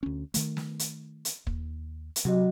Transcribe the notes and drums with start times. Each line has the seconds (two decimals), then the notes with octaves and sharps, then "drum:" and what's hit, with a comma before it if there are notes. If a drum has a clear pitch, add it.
0.03 D2 C#4
0.34 D#3 A3, drum: hi-hat
0.57 drum: snare
0.79 drum: hi-hat
1.25 drum: hi-hat
1.47 D#2, drum: kick
2.16 drum: hi-hat
2.25 C3 F#3 F#4 D#5